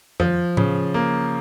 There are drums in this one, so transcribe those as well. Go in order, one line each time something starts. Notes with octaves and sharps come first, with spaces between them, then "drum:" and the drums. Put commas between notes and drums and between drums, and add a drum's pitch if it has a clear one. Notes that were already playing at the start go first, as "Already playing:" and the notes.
F3, drum: tom F2
C#3, drum: tom A2
A#3